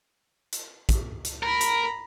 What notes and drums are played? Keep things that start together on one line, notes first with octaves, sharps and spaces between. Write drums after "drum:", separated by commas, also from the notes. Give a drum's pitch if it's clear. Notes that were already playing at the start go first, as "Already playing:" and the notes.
drum: hi-hat
drum: kick, hi-hat
drum: hi-hat
A#4 A#5 B5
drum: hi-hat